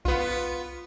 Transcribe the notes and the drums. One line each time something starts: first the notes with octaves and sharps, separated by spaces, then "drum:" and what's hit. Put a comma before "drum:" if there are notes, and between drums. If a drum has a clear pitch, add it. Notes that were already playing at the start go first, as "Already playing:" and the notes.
B3 F4, drum: kick B1